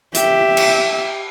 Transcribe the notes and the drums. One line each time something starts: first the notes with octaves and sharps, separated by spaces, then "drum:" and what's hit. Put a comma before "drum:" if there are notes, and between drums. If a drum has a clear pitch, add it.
G4 E5, drum: hi-hat
drum: cymbal